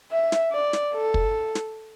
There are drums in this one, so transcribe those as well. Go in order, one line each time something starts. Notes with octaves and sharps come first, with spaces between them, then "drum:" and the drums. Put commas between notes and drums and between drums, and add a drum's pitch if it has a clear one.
E5
drum: snare
D5
drum: snare
A4
drum: kick
drum: snare